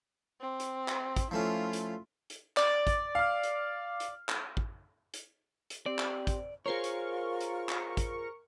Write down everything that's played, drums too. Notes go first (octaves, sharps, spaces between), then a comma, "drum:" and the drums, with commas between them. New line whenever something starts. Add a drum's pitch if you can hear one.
C4
drum: hi-hat
drum: clap
drum: kick, hi-hat
F3 A3 C#4 E4 F4
drum: hi-hat
drum: hi-hat
D5, drum: clap
drum: kick, hi-hat
F5 F6
drum: hi-hat
drum: hi-hat
drum: clap
drum: kick
drum: hi-hat
drum: hi-hat
C4 G4 D5
drum: clap
drum: kick, hi-hat
F4 G#4 A#4 C5 C#5 C#6
drum: hi-hat
drum: hi-hat
drum: clap
drum: kick, hi-hat